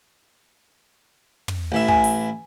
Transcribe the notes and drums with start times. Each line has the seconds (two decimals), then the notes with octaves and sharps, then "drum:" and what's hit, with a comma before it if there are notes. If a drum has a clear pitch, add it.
1.48 drum: tom
1.72 A1 E3 E5
1.88 G#5, drum: kick
2.04 drum: open hi-hat